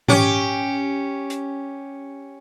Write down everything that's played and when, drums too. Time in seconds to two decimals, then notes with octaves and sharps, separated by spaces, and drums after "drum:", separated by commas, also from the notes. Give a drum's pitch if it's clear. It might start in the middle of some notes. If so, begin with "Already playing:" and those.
0.08 C#4 G4, drum: tom G#2
1.30 drum: hi-hat